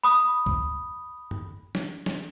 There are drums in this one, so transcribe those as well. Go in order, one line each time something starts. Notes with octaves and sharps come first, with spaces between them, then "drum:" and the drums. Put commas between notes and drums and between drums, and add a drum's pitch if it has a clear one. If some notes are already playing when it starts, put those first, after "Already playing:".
B5 D#6
drum: kick C#2
drum: tom F#2
drum: snare
drum: snare